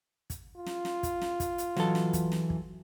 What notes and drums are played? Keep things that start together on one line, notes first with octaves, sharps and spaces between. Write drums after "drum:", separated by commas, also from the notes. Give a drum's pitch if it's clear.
drum: kick, hi-hat
F4
drum: snare
drum: snare
drum: kick, hi-hat
drum: snare
drum: kick, hi-hat
drum: hi-hat
E3 F#3 A4, drum: snare
drum: snare
drum: kick, hi-hat
drum: snare
drum: kick